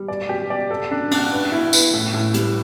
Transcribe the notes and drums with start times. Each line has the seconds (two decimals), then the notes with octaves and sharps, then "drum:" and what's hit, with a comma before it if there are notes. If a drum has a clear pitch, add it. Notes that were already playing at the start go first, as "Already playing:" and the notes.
Already playing: G3
0.08 D5
0.29 G4
0.50 D5
0.71 A4
0.91 D4
1.11 D4, drum: cymbal
1.32 B4
1.52 E4
1.73 B4, drum: tambourine
1.93 A2
2.13 A2
2.34 G3, drum: hi-hat